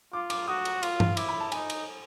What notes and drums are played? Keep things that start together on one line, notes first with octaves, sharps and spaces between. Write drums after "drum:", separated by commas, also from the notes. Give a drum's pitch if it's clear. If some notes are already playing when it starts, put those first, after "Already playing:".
F4 D6
D6, drum: cymbal
F#4 D#6
drum: cymbal
F4, drum: cymbal
drum: tom G2
E4 D6, drum: cymbal
B5
A5
D#4 G#5, drum: cymbal
drum: cymbal